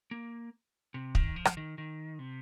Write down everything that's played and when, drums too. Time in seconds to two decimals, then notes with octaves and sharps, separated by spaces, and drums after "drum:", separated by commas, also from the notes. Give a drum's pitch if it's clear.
0.11 A#3
0.94 C3
1.15 D#3, drum: kick
1.36 F3
1.45 drum: rim click
1.57 D#3
1.78 D#3
2.19 C3